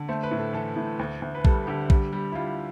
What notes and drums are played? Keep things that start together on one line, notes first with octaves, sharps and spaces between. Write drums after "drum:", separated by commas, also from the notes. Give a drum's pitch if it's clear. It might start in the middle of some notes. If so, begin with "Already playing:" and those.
Already playing: D3
A3 C5
B4
A2
A4
E3 A4
A2
D2
D2
B4
G3 A4, drum: kick A#1
D3 G4
G3, drum: kick A#1
G3
E4
G3 F4